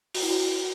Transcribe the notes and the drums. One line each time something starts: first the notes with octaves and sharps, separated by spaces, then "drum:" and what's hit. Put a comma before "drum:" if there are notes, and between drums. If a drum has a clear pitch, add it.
F#4, drum: open hi-hat
E4
F#4